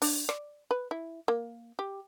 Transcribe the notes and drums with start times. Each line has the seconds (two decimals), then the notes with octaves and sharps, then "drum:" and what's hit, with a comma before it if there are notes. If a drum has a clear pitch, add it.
0.02 D4, drum: open hi-hat
0.29 D5, drum: rim click
0.71 B4
0.91 E4
1.28 A#3
1.79 G4